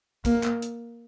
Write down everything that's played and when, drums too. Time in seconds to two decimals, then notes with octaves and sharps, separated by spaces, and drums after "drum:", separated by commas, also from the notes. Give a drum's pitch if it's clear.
0.25 A#3, drum: kick, hi-hat
0.43 drum: clap
0.62 drum: hi-hat